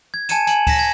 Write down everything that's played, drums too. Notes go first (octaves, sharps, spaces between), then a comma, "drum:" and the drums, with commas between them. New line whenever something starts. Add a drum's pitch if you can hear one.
G#6
G#5 A5 G#6 C#7 D#7 E7, drum: hi-hat
G#5 F#7, drum: hi-hat
A#6 B6 E7, drum: kick C#2, open hi-hat
G#6